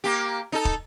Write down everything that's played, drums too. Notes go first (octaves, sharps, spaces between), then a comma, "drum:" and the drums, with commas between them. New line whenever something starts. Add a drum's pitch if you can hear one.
A#3 G4
D#4 A4
drum: kick